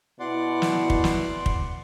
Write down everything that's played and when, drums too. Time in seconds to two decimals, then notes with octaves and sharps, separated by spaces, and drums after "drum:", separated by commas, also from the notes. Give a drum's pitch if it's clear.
0.20 B2 E4 D5 F#5 C6
0.62 drum: snare
0.90 drum: kick
1.04 drum: snare
1.46 drum: kick